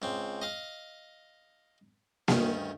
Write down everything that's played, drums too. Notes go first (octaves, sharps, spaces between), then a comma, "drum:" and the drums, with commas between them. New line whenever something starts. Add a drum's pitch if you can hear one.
C#2 C4
D#5 F5
D2 G2 D#3 C#4, drum: snare A#3